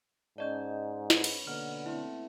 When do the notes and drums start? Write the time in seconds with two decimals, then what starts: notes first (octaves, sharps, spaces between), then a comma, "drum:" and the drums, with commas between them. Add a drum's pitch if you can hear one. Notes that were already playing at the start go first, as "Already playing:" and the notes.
0.38 G#2 C#4 D5 D#5 A5 G6
1.10 B4 C#5 D#5, drum: snare
1.24 drum: cymbal
1.47 B2 D3 A#3 F6
1.86 A3 C4 E4 F#5